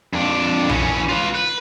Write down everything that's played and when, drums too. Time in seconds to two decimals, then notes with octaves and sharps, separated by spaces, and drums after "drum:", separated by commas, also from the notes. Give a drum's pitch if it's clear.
0.13 F2 D4
0.69 E3 C#4, drum: tom A#1
1.09 F4 B4
1.35 B4